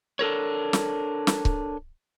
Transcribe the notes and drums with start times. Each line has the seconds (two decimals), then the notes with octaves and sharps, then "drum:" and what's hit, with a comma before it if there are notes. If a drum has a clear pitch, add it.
0.19 D4 A4 A#4 C#5
0.73 drum: snare
1.27 drum: snare
1.45 drum: kick C#1